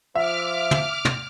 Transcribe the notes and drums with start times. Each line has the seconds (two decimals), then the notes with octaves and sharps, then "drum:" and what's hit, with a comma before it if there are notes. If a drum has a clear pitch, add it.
0.15 F3 E5 D6 F6
0.71 drum: tom
1.05 drum: tom